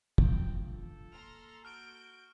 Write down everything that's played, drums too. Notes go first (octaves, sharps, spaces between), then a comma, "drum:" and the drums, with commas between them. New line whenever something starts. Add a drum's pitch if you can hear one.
D4 F4 F5 G5, drum: kick
A4
A#3 A#5 C6 F6
F#4 F6 G6 D7